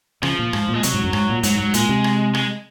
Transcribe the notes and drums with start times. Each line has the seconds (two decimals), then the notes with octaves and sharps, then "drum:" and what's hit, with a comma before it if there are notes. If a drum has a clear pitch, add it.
0.23 C#3 F3, drum: rim click
0.39 A#2
0.53 G#2, drum: rim click
0.69 A#2
0.74 G#3
0.83 C3 F#3, drum: hi-hat
0.94 G#2
1.04 F#2
1.13 G#2, drum: rim click
1.29 A#2
1.43 G#2 F#3, drum: hi-hat
1.58 G#2 F#3
1.74 A#2 G#3, drum: hi-hat
1.89 C3
2.04 drum: rim click
2.35 G#3, drum: rim click